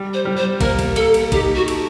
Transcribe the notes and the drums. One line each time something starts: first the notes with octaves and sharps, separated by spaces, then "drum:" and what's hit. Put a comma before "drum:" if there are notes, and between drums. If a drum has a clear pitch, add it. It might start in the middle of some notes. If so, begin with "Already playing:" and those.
Already playing: G3
C5
G3
C5
A#3 A#4, drum: kick, cymbal
drum: kick, cymbal
A#3 A4, drum: cymbal
drum: cymbal
D#4 G4, drum: kick, cymbal
F#4
A4, drum: cymbal